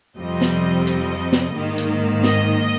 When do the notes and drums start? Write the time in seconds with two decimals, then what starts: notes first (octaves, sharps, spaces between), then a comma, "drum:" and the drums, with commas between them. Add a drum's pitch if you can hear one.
0.18 F2 C3 G3 C4 D#5
0.41 drum: snare
0.87 drum: hi-hat
1.32 drum: snare
1.55 G#2 D#3 A#3
1.78 drum: hi-hat
2.23 D#5, drum: snare